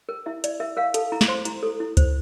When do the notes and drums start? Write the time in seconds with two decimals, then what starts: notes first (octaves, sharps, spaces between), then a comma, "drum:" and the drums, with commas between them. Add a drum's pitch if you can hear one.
0.09 A#4
0.26 E4 E5
0.44 E4 D5, drum: hi-hat
0.60 A#4 E5
0.77 A#4 F5
0.94 A4 A5, drum: hi-hat
1.12 E4 A#5
1.21 D6, drum: snare
1.28 C5 C6
1.45 E4 A#5, drum: hi-hat
1.63 A4
1.80 E4
1.97 C5, drum: kick C#2, hi-hat